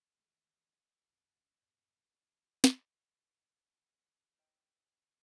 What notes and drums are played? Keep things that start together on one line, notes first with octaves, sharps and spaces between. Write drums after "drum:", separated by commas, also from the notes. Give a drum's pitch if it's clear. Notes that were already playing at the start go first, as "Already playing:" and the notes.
D#3 E3 G#3 A3
B1 F#2
G#1 C#2 C#3 C#4
F2 G#2 B2
G2
drum: snare
A#3 E4 C5 D#5 G5